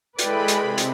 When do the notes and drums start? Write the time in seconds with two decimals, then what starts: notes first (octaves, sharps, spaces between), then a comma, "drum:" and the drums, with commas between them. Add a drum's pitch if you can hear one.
0.19 G#3 E4 A4 B4 D5 G5 B5, drum: hi-hat
0.48 drum: hi-hat
0.61 C3
0.78 drum: hi-hat